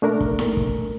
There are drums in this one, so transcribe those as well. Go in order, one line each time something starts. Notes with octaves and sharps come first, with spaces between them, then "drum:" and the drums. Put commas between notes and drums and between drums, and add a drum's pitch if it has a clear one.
A3 D4 A#4
drum: kick
drum: snare D#4
drum: kick